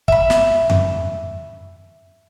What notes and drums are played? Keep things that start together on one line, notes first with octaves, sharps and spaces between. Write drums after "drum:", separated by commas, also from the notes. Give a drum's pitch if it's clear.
E5 B5, drum: kick
drum: snare
drum: tom F2